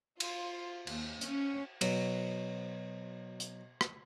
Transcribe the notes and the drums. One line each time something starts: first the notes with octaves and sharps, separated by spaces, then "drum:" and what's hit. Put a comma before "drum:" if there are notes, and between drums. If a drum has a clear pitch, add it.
F4, drum: cymbal
D#2, drum: cymbal
C#4, drum: hi-hat
B2 F#3, drum: cymbal
drum: hi-hat
drum: rim click